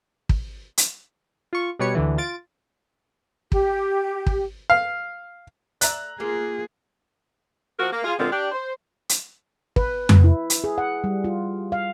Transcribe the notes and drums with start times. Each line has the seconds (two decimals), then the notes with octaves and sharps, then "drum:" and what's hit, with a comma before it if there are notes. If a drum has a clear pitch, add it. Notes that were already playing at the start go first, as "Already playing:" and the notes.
0.29 drum: kick
0.78 drum: hi-hat
1.53 F4 C#6
1.79 B2 G3 B4 C#5 C#7
1.95 D2 D3 E3
2.18 F4 A6 D7
3.52 G4, drum: kick
4.26 drum: kick
4.70 F5
5.81 D5 E5 A#5 F#6, drum: hi-hat
6.20 A#3 F4 G#4
7.79 F3 F#4 A#4
7.93 A#3
8.04 F4 G#4
8.19 A#2 D3 G#3 B3 C4 F4
8.32 D4 G4
8.52 C5
9.09 drum: hi-hat
9.76 B4, drum: kick
10.09 drum: tom F2
10.24 E4
10.50 drum: hi-hat
10.64 G#4
10.78 F#5
11.04 G3
11.24 F4
11.72 F5